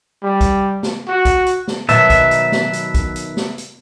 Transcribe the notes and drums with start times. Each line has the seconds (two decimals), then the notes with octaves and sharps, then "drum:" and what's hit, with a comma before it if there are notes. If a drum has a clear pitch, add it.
0.23 G3
0.41 drum: kick, hi-hat
0.83 drum: snare
1.08 F#4
1.25 drum: kick, hi-hat
1.46 drum: hi-hat
1.68 drum: snare
1.89 B2 D#3 F#3 B4 E5 A5, drum: hi-hat
2.10 drum: kick, hi-hat
2.31 drum: hi-hat
2.52 drum: snare
2.73 drum: hi-hat
2.94 drum: kick, hi-hat
3.16 drum: hi-hat
3.37 drum: snare
3.58 drum: hi-hat